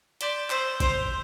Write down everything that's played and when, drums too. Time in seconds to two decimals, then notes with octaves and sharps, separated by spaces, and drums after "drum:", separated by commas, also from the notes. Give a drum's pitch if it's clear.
0.21 D5 C6 G6 B6 E7 G7, drum: hi-hat
0.50 C5 C6 E6 B6, drum: clap
0.80 C5 G6 D7 F7, drum: kick G#1, hi-hat